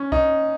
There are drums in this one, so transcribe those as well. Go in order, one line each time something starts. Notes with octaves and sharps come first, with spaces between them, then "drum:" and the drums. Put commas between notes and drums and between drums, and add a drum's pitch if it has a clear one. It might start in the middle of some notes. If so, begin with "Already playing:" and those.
Already playing: C#4
D#4, drum: kick B1